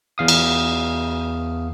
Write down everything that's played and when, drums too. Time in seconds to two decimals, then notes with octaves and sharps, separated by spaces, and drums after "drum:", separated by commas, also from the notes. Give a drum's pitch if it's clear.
0.18 E2 F5 D#6
0.28 drum: cymbal